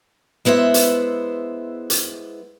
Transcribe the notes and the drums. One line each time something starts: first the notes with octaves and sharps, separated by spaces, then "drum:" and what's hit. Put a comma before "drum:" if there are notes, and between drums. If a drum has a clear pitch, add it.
G#3 B3 E4 C5 E5
drum: hi-hat
drum: hi-hat